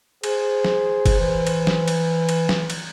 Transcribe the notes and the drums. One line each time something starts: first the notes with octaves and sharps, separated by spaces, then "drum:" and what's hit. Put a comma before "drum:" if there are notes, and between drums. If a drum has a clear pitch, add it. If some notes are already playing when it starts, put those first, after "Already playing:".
G#4 C5, drum: cymbal
drum: snare
drum: kick, cymbal
E3
drum: cymbal
drum: snare
drum: cymbal
drum: cymbal
drum: snare
drum: cymbal